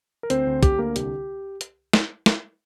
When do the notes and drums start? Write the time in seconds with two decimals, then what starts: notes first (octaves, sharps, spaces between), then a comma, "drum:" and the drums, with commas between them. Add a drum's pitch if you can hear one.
0.23 A#4
0.30 D2 C4 C5, drum: hi-hat
0.47 D2
0.63 D2 G4, drum: kick, hi-hat
0.79 D3 A#3 A#4
0.96 C2 G4, drum: hi-hat
1.61 drum: hi-hat
1.93 drum: snare
2.26 drum: snare